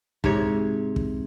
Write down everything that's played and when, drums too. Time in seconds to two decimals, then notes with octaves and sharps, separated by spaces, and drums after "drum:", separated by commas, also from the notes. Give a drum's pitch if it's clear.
0.24 G#2 C3 C#5, drum: kick
0.96 drum: kick